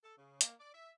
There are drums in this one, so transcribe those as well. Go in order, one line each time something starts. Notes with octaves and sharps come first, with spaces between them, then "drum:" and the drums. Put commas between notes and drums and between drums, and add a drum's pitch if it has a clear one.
A4
C#3
A#3, drum: hi-hat
D5
E5